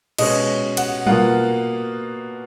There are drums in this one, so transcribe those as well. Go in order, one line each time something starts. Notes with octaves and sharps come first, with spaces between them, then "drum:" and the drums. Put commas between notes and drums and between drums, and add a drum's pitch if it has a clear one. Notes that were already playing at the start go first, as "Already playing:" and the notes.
B2 G#3 C#4 D#5, drum: cymbal
F#5, drum: cymbal
B2 A#3 F4 F#5, drum: tom F#3